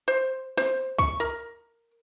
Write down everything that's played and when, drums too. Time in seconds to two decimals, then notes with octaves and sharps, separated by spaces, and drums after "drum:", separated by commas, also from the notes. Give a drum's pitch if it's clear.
0.08 C5
0.57 C5, drum: snare
0.98 C#6, drum: kick
1.20 A#4